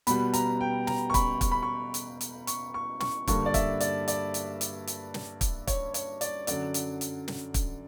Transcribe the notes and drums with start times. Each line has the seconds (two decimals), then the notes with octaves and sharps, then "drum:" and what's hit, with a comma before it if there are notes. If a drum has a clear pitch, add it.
0.07 B2 G3 B3 B5, drum: hi-hat
0.33 A#5, drum: hi-hat
0.61 G5
0.87 A#5, drum: snare
1.10 C#6
1.14 B5, drum: kick, hi-hat
1.41 C#6, drum: kick, hi-hat
1.52 B5
1.63 C#6
1.94 drum: hi-hat
2.21 drum: hi-hat
2.47 C#6, drum: hi-hat
2.74 C#6
3.00 C#6, drum: snare
3.27 G2 D3 G3 A#3 C#6, drum: kick, hi-hat
3.46 D5
3.54 E5, drum: kick, hi-hat
3.80 D5, drum: hi-hat
4.08 D5, drum: hi-hat
4.34 drum: hi-hat
4.61 drum: hi-hat
4.87 drum: hi-hat
5.14 drum: snare
5.41 drum: kick, hi-hat
5.67 C#5, drum: kick, hi-hat
5.94 C#5, drum: hi-hat
6.21 D5, drum: hi-hat
6.47 F#2 D3 F#3 D5, drum: hi-hat
6.74 drum: hi-hat
7.01 drum: hi-hat
7.28 drum: snare
7.54 drum: kick, hi-hat